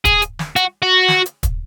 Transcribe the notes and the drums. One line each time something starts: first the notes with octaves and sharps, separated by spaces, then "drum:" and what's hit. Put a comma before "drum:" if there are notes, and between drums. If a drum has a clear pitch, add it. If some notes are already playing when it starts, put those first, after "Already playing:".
G#4, drum: kick, hi-hat
drum: hi-hat
drum: snare
F#4, drum: hi-hat
F#4
drum: snare
drum: hi-hat
drum: kick, hi-hat